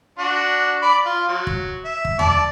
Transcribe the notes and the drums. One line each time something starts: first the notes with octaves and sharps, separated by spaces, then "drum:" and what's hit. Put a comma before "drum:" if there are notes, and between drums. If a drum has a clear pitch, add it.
D4 F#4
D5 B5
F4
F#3
drum: kick
E5
drum: kick
D5 A5, drum: tom D#2